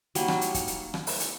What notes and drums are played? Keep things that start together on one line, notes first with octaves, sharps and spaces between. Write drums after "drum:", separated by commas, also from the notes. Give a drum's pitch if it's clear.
F#3 G3 A#3 D#4, drum: hi-hat
drum: rim click
drum: hi-hat
drum: kick, hi-hat
drum: hi-hat
drum: rim click
drum: open hi-hat
drum: hi-hat